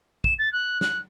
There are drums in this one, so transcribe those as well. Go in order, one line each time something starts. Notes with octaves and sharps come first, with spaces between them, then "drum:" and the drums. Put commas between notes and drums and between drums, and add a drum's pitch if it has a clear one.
E7, drum: kick
A6
F#6
F#6, drum: snare